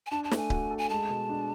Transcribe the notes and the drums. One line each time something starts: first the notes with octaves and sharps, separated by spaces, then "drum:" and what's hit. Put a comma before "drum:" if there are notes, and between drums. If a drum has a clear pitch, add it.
G#5
D4 A5
A5
A3, drum: snare
G#5
F#4, drum: kick C#1
A4
G#5
G#3 A5
B2
D4